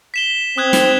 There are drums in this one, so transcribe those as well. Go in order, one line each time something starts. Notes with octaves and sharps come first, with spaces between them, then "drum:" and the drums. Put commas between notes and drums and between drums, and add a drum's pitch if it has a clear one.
B6 E7 G7
C4 D#6 F#6 G#6
drum: snare